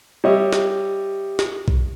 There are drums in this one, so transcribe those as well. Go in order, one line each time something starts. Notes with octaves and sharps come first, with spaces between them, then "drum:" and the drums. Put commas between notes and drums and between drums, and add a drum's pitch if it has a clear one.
G3 C#5 D#5 E5
drum: snare
drum: snare
drum: kick B1